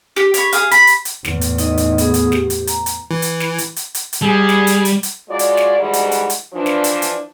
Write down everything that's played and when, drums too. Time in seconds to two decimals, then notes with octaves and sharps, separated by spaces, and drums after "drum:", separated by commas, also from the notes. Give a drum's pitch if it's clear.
0.16 G4, drum: snare
0.34 C#5 B5, drum: hi-hat
0.53 G#4 F5, drum: hi-hat
0.71 B5, drum: hi-hat
0.87 drum: hi-hat
1.05 drum: hi-hat
1.25 E2 A2, drum: snare
1.41 drum: hi-hat
1.58 D#4 D#5, drum: hi-hat
1.78 drum: hi-hat
1.98 B3 G#4 D#6, drum: hi-hat
2.14 drum: hi-hat
2.32 G4, drum: snare
2.50 drum: hi-hat
2.67 A#5, drum: hi-hat
2.86 drum: hi-hat
3.11 E3
3.22 drum: hi-hat
3.40 drum: snare
3.58 drum: hi-hat
3.76 drum: hi-hat
3.95 drum: hi-hat
4.13 drum: hi-hat
4.22 G3 G#4
4.49 drum: snare
4.67 drum: hi-hat
4.85 drum: hi-hat
5.03 drum: hi-hat
5.29 F#3 G#3 F4 F#4 D5
5.39 drum: hi-hat
5.57 drum: snare
5.79 D2 G#2 E3 G3 G#3 F#4
5.93 drum: hi-hat
6.12 drum: hi-hat
6.30 drum: hi-hat
6.53 E3 F3 D4
6.66 drum: snare
6.84 drum: hi-hat
7.02 drum: hi-hat